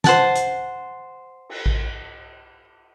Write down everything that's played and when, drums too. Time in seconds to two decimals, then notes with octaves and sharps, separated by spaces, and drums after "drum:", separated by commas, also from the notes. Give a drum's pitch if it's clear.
0.04 C5 F#5 A5, drum: snare
0.35 drum: hi-hat
1.49 drum: cymbal
1.66 drum: kick A1